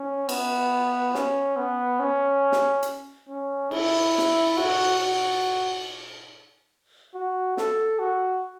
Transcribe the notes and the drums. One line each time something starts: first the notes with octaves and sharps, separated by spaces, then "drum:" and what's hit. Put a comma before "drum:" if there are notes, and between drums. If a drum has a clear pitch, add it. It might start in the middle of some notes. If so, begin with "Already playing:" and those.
Already playing: C#4
B3, drum: cymbal
C#4, drum: snare
B3
C#4
drum: snare
drum: hi-hat
C#4
E4, drum: cymbal
drum: snare
F#4, drum: cymbal
F#4
F#4
A4, drum: snare
F#4